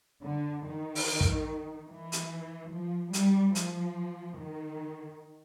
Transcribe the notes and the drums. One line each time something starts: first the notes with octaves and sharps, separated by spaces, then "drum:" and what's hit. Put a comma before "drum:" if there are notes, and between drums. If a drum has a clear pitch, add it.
D3
D#3
drum: open hi-hat
drum: kick
E3
drum: hi-hat
F3
G3, drum: hi-hat
F3, drum: hi-hat
D#3